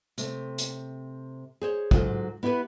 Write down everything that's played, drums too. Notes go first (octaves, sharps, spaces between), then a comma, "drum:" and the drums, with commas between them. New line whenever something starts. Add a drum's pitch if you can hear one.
C3 A3, drum: hi-hat
drum: hi-hat
G#4 C5 C#5
G#2 F#3 F4 G4 A4, drum: kick
B3 E4 G4 G#4 B4